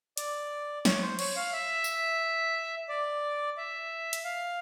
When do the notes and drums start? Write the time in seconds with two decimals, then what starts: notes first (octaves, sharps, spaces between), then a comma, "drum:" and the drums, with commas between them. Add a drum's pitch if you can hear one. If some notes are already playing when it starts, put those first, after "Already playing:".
0.17 D5, drum: hi-hat
0.85 C#5, drum: snare
1.02 C5
1.19 C#5, drum: cymbal
1.36 F5
1.53 E5
1.84 drum: tambourine
2.89 D5
3.57 E5
4.13 drum: hi-hat
4.24 F5